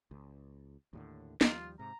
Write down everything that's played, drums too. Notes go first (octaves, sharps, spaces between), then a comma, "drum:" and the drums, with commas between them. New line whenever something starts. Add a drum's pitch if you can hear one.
C#2
D#2 A2 D3
D#2 F3 G3 F4, drum: snare
G#2 C3 A#5